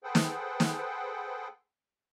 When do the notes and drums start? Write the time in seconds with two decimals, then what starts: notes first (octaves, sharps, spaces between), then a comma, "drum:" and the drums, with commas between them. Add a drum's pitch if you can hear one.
0.04 G#4 A4 B4 C5 F#5 G5
0.15 drum: snare
0.60 drum: snare